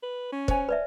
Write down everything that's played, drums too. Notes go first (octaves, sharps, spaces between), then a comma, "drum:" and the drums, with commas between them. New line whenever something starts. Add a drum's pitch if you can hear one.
B4
C#4
C5 C#5 G#5, drum: kick
B4 D5 E5